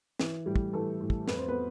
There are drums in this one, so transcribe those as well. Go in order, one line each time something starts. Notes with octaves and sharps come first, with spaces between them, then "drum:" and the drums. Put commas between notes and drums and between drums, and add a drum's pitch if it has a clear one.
E3, drum: snare
A2 G3 G4
drum: kick
E3 A3 A4
A2
drum: kick
F2 B4, drum: snare
C5
B3 B4